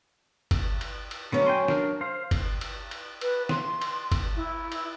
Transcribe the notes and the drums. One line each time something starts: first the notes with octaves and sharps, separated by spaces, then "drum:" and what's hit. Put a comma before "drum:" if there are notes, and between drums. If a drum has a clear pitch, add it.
drum: kick G1, cymbal
drum: cymbal
drum: cymbal
D3 F#3 B3 C#4
G5 G#5 C6
D4 A#4, drum: snare
C5 F5
drum: kick G1, cymbal
drum: cymbal
drum: cymbal
B4, drum: cymbal
C6, drum: snare
drum: cymbal
drum: kick G1, cymbal
E4
drum: cymbal